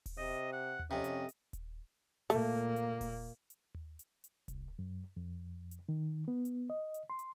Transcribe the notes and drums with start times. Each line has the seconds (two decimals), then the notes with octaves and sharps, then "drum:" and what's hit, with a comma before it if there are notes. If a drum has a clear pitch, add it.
0.06 drum: kick D#1, open hi-hat
0.18 C3 D#5
0.53 F#5
0.79 drum: tom D#2
0.91 F2 C3 C#4 D#5
1.04 drum: hi-hat
1.29 drum: hi-hat
1.53 drum: kick D#1, hi-hat
2.30 A#2 A3 A#3, drum: open hi-hat
2.76 drum: hi-hat
3.01 drum: kick D#1, open hi-hat
3.50 drum: hi-hat
3.75 drum: tom D#2
3.99 drum: hi-hat
4.24 drum: hi-hat
4.48 C2, drum: kick D#1, hi-hat
4.79 F#2
5.17 F2
5.71 drum: hi-hat
5.89 D#3
6.28 B3
6.45 drum: hi-hat
6.70 D#5
6.94 drum: hi-hat
7.10 C6
7.19 drum: hi-hat